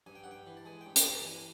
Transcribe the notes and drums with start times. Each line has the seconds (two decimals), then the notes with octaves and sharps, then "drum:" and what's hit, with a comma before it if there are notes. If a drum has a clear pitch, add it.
0.06 G2 G#5
0.15 G5
0.24 G2 F#5
0.31 G5
0.46 E3
0.57 A5
0.65 G#3 G#5
0.81 G5
0.86 G2
0.96 A5, drum: hi-hat
1.05 G2
1.11 A5
1.25 E3 G#5